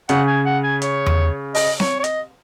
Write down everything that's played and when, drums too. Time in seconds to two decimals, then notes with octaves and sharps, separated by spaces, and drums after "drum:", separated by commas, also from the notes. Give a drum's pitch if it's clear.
0.09 C#3 F#5, drum: hi-hat
0.28 G#5
0.45 F#5
0.64 G#5
0.82 C#5, drum: hi-hat
1.06 drum: tom E2
1.55 D#5, drum: open hi-hat
1.80 C#5, drum: snare C4
1.99 C#5
2.04 D#5, drum: hi-hat